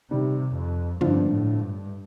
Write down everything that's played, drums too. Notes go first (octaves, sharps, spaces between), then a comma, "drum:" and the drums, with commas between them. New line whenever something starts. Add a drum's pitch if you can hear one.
C3 D#3 G3
F2
G2 D3 F3, drum: tom
A2
G2